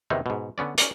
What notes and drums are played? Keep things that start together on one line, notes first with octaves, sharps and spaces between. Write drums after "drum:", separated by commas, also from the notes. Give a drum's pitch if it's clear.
E2 C3 D#3 E3 D#4
G#2 B2
D3 B3 C#4 D5
C#4 A#4 D5, drum: hi-hat